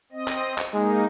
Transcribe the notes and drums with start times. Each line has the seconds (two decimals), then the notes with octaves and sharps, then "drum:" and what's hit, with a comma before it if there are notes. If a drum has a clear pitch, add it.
0.12 C4 D#5
0.28 drum: clap
0.58 drum: clap
0.73 G#3 A#3 D#4